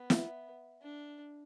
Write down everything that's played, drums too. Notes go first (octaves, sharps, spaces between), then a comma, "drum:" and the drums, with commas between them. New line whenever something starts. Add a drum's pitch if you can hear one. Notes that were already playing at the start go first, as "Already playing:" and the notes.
Already playing: B3
E5, drum: snare
D4